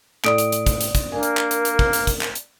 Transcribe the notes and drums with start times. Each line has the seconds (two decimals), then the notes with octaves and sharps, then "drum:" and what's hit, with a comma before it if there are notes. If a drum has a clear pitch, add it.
0.24 A2 D5 D#6 D7, drum: clap
0.38 drum: hi-hat
0.52 drum: hi-hat
0.66 drum: kick, hi-hat
0.81 drum: hi-hat
0.95 drum: kick, hi-hat
1.12 A#3 D4 A#4 G#5
1.23 drum: hi-hat
1.37 drum: clap
1.51 drum: hi-hat
1.65 drum: hi-hat
1.79 drum: kick
1.93 drum: hi-hat
2.07 drum: kick, hi-hat
2.21 drum: clap
2.35 drum: hi-hat